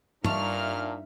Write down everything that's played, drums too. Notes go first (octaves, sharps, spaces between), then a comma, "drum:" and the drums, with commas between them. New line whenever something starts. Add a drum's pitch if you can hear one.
G2 A#2 D4 D#4 E5 C#6 F6, drum: tom